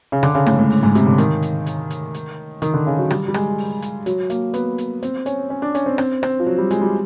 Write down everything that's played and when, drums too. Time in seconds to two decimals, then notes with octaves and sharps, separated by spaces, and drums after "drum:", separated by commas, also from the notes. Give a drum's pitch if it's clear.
0.12 C#3
0.23 D3, drum: rim click
0.35 C#3
0.46 A2, drum: rim click
0.54 G#2
0.59 A2
0.70 G#2, drum: open hi-hat
0.83 G#2
0.95 C3, drum: hi-hat
1.07 D3
1.18 D#3, drum: hi-hat
1.42 drum: hi-hat
1.66 drum: hi-hat
1.90 drum: hi-hat
2.14 drum: hi-hat
2.62 D#3, drum: hi-hat
2.74 D3
2.87 C#3
2.98 F#3
3.11 G3, drum: rim click
3.28 G3
3.34 G#3, drum: rim click
3.58 drum: open hi-hat
3.82 drum: hi-hat
4.06 F#3, drum: hi-hat
4.30 A#3, drum: hi-hat
4.54 B3, drum: hi-hat
4.78 drum: hi-hat
5.03 C4, drum: hi-hat
5.26 C#4, drum: hi-hat
5.50 C#4
5.62 D4
5.75 C#4, drum: hi-hat
5.86 C4
5.98 C4, drum: rim click
6.23 C4, drum: rim click
6.40 F3
6.46 F#3
6.58 G3
6.71 G#3, drum: hi-hat
6.82 G3